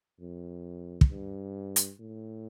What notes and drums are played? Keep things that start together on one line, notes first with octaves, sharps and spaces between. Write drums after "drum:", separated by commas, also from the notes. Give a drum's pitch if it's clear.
F2
drum: kick
G2
drum: hi-hat
A2